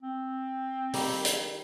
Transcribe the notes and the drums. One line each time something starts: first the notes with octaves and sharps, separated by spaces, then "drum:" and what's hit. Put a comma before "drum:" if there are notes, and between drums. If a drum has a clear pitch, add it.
C4
D#3 G3 G4, drum: open hi-hat
drum: hi-hat